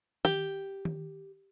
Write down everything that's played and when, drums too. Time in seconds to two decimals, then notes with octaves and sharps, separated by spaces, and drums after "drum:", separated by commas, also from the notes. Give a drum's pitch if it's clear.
0.25 G4, drum: tom D#3
0.85 drum: tom D#3